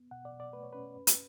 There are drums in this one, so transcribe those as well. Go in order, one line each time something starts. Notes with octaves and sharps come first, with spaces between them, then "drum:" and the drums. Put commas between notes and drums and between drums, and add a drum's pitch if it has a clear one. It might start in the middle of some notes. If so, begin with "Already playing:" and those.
Already playing: B3
B2 F#5
D5
B2
D5
A3 B4
C#5
C#4 B4
F#2
drum: hi-hat